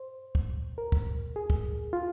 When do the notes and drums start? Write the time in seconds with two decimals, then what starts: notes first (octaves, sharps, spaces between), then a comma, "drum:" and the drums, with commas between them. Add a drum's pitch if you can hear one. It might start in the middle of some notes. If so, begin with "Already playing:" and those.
Already playing: C5
0.35 drum: kick
0.78 A#4
0.92 drum: kick
1.36 G#4
1.50 drum: kick
1.93 F4